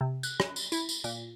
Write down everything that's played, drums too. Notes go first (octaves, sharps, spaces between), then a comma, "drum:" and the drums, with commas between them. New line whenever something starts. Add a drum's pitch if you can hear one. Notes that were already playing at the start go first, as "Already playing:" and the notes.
C3
F#6, drum: tambourine
drum: rim click
drum: tambourine
E4, drum: tambourine
drum: tambourine
A#2, drum: tambourine